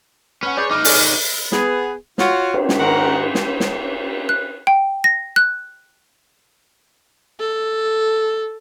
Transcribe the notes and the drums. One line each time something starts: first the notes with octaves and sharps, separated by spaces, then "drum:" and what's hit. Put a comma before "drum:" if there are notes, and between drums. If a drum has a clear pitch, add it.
C#4 B4 F#5
G#4 B4 C#5 D5 G6
D#4 B4 D6 F6
G#4 C#5 D5, drum: open hi-hat
B3 G#4, drum: snare
F4 F#4 C#5, drum: snare
drum: cymbal
drum: snare
G#2 D#3 F#4 A#4 B4 F#5
drum: snare
drum: snare
F#6
G5
A#6
F#6
A4